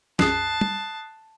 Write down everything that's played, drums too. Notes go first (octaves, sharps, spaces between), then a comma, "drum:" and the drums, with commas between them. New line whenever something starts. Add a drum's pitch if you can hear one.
C2 F#2 G#4 A5 D#6 F#6 C7, drum: snare
drum: tom